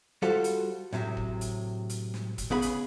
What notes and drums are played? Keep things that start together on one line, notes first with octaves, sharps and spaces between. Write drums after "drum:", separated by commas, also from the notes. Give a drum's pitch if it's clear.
G3 F4 F#4 A4 C5, drum: snare
drum: hi-hat
A2 C3 F#3, drum: snare
drum: kick
drum: hi-hat
drum: hi-hat
drum: snare
drum: kick, hi-hat
C#3 B3 G#4 B5
drum: hi-hat